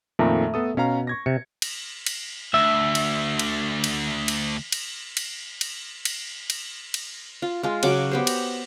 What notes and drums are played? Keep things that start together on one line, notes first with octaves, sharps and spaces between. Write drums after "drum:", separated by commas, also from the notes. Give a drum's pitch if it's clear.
F2 A#2 D#3 A3 A#5
B3 A4 D#6
B2 C#4 F5 A#5
C#6 G#6 A#6
C3 C#7
drum: cymbal
drum: cymbal
D2 E5
drum: cymbal
drum: cymbal
drum: cymbal
drum: cymbal
drum: cymbal
drum: cymbal
drum: cymbal
drum: cymbal
drum: cymbal
drum: cymbal
F4
G#3 F4
C#3 F#3 F#5 D6, drum: cymbal
B3 G4 C5
drum: cymbal